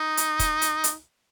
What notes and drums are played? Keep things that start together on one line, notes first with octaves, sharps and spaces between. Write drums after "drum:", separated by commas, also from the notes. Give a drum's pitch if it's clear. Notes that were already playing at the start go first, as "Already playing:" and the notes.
Already playing: D#4
drum: hi-hat
drum: kick, hi-hat
drum: hi-hat
drum: hi-hat